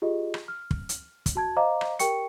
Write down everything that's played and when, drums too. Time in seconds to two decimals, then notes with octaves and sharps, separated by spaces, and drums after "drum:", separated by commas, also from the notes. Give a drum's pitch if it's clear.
0.02 F4 G4 G#4 D#5
0.34 drum: rim click
0.48 F6
0.71 drum: kick
0.89 drum: hi-hat
1.26 drum: kick, hi-hat
1.35 F#4 A5 G#6
1.56 C5 D#5 F5 A#5 D6
1.81 drum: rim click
1.99 G4 A#4 G5 C#6 C#7, drum: hi-hat